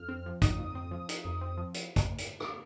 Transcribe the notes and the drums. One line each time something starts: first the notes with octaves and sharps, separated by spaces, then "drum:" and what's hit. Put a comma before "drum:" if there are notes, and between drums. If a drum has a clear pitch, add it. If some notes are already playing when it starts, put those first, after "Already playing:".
Already playing: F2 F6
C4
F3
D#4 D#6, drum: kick, hi-hat
F2
C4
F3
D#4, drum: hi-hat
F2
C4
F3
drum: hi-hat
drum: kick, hi-hat
drum: hi-hat
drum: rim click